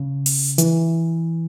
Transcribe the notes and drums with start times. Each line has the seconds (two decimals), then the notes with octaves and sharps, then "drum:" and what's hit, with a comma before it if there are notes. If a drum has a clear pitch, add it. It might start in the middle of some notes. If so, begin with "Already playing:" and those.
Already playing: C#3
0.26 drum: open hi-hat
0.58 E3, drum: hi-hat